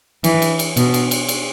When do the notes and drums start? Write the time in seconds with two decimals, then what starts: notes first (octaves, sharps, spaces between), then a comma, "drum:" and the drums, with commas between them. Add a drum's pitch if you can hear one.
0.24 E3, drum: cymbal
0.42 drum: cymbal
0.59 drum: cymbal
0.77 B2, drum: cymbal
0.94 drum: cymbal
1.11 drum: cymbal
1.29 drum: cymbal